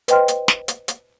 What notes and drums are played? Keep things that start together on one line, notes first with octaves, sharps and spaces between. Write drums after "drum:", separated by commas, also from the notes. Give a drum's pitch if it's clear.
B4 C5 D#5 G5 C6 F6, drum: hi-hat
drum: hi-hat
drum: snare
drum: hi-hat
drum: hi-hat